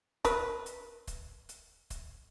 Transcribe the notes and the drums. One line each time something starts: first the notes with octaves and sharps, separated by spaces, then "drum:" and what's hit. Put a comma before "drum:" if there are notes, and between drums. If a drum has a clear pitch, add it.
A#4 B4, drum: kick, hi-hat
drum: hi-hat
drum: kick, hi-hat
drum: hi-hat
drum: kick, hi-hat